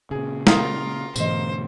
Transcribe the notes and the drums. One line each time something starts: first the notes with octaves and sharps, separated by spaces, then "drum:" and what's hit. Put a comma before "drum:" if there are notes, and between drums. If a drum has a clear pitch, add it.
A#2 C#3 G#4
F4 A#4 F5 D#6, drum: snare
G#2 B2 D3 E3 A3 C5 D#5, drum: tambourine